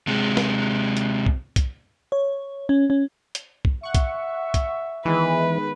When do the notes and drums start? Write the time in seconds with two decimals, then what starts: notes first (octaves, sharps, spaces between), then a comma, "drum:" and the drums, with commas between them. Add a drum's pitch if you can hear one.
0.07 C3 G#3
0.37 drum: snare
0.97 drum: hi-hat
1.26 drum: kick B1
1.56 drum: kick B1, hi-hat
2.12 C#5
2.69 C#4
2.90 C#4
3.35 drum: hi-hat
3.65 drum: kick B1
3.83 E5 F#5 C#6
3.95 drum: kick B1, hi-hat
4.54 drum: kick B1, hi-hat
5.05 D#3 E3 G#3 B3 B4